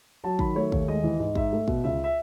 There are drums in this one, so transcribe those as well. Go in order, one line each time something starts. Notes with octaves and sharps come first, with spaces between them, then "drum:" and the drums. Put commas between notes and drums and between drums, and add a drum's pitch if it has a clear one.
F#3 A5
D#3 B5, drum: kick
A3 C#5
D#2, drum: kick
G#3 D#5
E3
G#2 D#5
G#2 E5, drum: kick
A3
B2, drum: kick
C#2 E5
E5